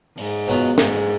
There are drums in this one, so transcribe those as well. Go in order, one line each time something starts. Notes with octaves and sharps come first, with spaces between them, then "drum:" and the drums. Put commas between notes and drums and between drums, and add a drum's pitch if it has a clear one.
G#2, drum: open hi-hat
B2 F#3 B3 F4
G#2, drum: snare